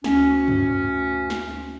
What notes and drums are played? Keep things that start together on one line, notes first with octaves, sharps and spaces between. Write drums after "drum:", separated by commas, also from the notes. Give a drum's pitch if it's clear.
D2 C#4, drum: snare
drum: tom F#2
drum: snare